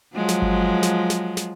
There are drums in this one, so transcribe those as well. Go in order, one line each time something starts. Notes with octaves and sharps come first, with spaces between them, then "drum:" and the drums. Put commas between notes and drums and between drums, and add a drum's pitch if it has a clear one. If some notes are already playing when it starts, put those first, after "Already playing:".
F3 F#3 G#3
drum: snare
drum: kick G1
drum: snare
drum: snare
drum: snare